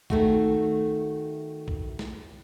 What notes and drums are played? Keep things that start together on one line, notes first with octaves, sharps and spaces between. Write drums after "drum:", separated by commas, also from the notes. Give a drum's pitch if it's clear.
D#3 A3 F#4, drum: kick
drum: kick
drum: snare